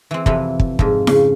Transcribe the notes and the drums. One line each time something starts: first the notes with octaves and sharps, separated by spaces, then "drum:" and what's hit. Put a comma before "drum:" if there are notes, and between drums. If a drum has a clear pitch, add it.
E3 C4
F2 C3 E3 B4, drum: kick
drum: kick
F2 G#2, drum: kick
C#3, drum: snare E4